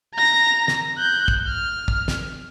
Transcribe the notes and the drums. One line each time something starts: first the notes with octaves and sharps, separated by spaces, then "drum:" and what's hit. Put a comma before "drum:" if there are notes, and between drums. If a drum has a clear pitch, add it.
A#5 A#6
drum: snare
F#6 G6
drum: kick
F6
drum: kick
drum: snare